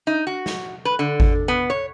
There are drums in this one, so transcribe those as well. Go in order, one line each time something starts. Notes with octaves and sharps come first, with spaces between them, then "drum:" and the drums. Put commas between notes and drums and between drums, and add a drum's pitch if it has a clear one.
D#4
F#4
drum: snare
B4
D3
drum: kick G#1
B3
C#5